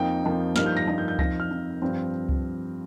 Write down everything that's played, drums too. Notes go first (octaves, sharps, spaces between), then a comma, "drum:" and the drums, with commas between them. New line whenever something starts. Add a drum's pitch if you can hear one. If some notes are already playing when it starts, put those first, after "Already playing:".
Already playing: F2 F3 A#3 D#4 G5
F2 F3 A#3 D#4
G2 F3 A#3 D#4 F6, drum: snare
G6
A#6
G2 F3 A#3 D#4
G6
G6
F2 F3 D#4 A#6, drum: kick C#2
F6
F2 F3 D#4
G2 F3 C4
drum: kick C#2